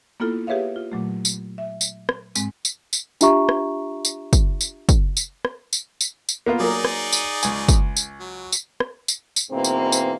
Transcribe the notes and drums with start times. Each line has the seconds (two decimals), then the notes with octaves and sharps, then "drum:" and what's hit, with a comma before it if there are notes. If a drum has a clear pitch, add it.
0.20 A#3 B3 E4 F4 A4
0.47 G4 G#4 B4 C#5 E5 F5
0.76 F4
0.92 A#2 F#3 A3
1.25 drum: tambourine
1.58 E5
1.81 drum: tambourine
2.09 drum: rim click
2.35 G#2 G#3 C4, drum: tambourine
2.65 drum: tambourine
2.93 drum: tambourine
3.21 D4 F4 G4 E5 A#5 C#6, drum: tambourine
3.49 drum: rim click
4.05 drum: tambourine
4.33 drum: kick, tambourine
4.61 drum: tambourine
4.89 drum: kick, tambourine
5.17 drum: tambourine
5.45 drum: rim click
5.73 drum: tambourine
6.01 drum: tambourine
6.29 drum: tambourine
6.46 A#3 B3 F4
6.60 F#3 A#3 D#4 G#4 D5
6.85 drum: rim click
7.13 drum: tambourine
7.43 C#2 G#5, drum: tambourine
7.68 drum: kick, tambourine
7.96 drum: tambourine
8.20 F#3
8.52 drum: tambourine
8.80 drum: rim click
9.08 drum: tambourine
9.36 drum: tambourine
9.51 G#2 B2 E3 A#3 C4
9.64 drum: tambourine
9.92 drum: tambourine